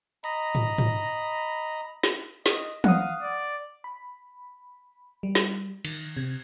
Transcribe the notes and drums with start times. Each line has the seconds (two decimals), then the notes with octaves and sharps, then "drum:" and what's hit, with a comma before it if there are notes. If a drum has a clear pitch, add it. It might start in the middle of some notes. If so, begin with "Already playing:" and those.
0.24 D#5 A#5 B5, drum: hi-hat
0.55 drum: tom
0.78 drum: tom
2.03 drum: snare
2.46 D#5, drum: snare
2.84 F5 F#5 D#6, drum: tom
3.22 D5
3.84 B5
5.23 G3
5.35 drum: snare
5.85 D#3, drum: cymbal
6.17 C3 G#6